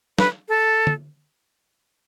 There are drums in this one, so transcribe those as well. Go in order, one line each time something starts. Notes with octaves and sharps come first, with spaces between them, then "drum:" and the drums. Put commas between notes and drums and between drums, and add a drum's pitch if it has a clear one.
B4, drum: snare
A4
drum: tom